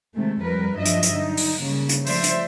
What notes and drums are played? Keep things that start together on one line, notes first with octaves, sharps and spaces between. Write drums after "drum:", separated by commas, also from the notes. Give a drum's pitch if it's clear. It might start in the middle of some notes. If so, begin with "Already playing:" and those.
C3 D#3 G#3 A3
F2 G3 A#4 B4
G2 F3 F#3 D4 D#5 E5
drum: hi-hat
drum: hi-hat
D3 D#4
drum: open hi-hat
C#3 G3 A#3
drum: hi-hat
F3 A3 C5 D5 E5, drum: open hi-hat
drum: hi-hat